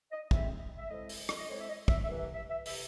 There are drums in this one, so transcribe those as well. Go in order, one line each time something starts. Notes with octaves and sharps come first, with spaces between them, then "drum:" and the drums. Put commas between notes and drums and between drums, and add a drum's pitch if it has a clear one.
D#5
A2 G#3 C4 E5, drum: kick
E5
A2 G#3 C4 D#5
drum: open hi-hat
drum: rim click
D#5
A2 G#3 C4 C#5
E5
D#5
E5, drum: kick
E5
C2 C3 E3
E5
E5
E5
C3 E3 E5, drum: open hi-hat